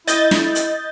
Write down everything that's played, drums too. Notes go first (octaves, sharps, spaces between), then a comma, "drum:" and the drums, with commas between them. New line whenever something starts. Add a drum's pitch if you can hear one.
E4 D#5 G6 A6, drum: hi-hat
drum: snare
drum: hi-hat